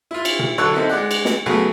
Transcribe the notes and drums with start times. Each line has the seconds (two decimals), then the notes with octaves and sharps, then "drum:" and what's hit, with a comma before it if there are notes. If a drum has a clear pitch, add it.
0.11 E4 F4
0.25 drum: cymbal
0.39 drum: tom A#2
0.58 D3 F#3 C#5 E6 F#6
0.73 A#3 C4 D#4 E4 A4
0.89 G#3 D5 F#5
1.11 drum: cymbal
1.25 drum: snare
1.46 C#3 F#3 A3 B3 G#4